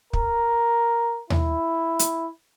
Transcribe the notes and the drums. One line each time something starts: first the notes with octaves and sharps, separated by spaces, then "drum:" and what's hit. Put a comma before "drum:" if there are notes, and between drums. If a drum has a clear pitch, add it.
A#4, drum: kick
E4, drum: tom D#2
drum: hi-hat